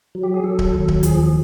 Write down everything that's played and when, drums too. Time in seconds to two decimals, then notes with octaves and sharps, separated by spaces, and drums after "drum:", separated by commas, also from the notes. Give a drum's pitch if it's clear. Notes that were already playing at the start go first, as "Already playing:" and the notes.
0.15 F#3
0.23 G4
0.34 G#4
0.44 F#3 A4
0.59 drum: kick D1
0.74 D#2
0.88 drum: kick D1
1.03 F3 G#4, drum: hi-hat